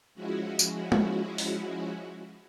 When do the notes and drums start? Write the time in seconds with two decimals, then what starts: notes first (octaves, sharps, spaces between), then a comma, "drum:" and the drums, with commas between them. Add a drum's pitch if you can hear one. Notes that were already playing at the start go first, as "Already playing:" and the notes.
0.15 F3 G#3 C#4 E4 F#4
0.59 drum: tambourine
0.92 drum: tom G#3
1.38 drum: open hi-hat